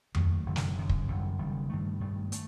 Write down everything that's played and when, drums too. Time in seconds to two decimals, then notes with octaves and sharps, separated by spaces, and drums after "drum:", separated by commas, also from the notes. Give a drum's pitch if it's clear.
0.15 D#2 D#3 F#3 A3, drum: tom F2
0.46 F#1 F#2 D#3
0.56 drum: snare
0.76 F#1 F#2 D#3
0.89 drum: kick
1.08 F#1 F#2 D#3 G3
1.38 F#1 F#2 D#3 G3
1.70 G2 D#3 A3
2.00 G2 D#3 A3
2.32 A3, drum: hi-hat